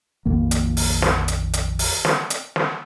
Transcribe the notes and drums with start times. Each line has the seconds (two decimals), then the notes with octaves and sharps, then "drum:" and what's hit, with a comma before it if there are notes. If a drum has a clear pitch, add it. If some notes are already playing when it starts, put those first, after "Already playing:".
0.26 A#1 F2 D#3 A#3
0.51 drum: hi-hat
0.77 drum: open hi-hat
1.02 drum: snare
1.28 drum: hi-hat
1.53 drum: hi-hat
1.79 drum: open hi-hat
2.05 drum: snare
2.30 drum: hi-hat
2.56 drum: snare